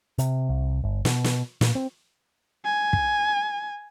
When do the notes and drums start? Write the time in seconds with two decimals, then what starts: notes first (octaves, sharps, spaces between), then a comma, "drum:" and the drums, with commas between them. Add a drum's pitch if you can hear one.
0.18 C3, drum: hi-hat
0.49 C2
0.83 G1
1.05 B2, drum: snare
1.24 drum: snare
1.61 A#2, drum: snare
1.75 C4
2.65 G#5
2.93 drum: kick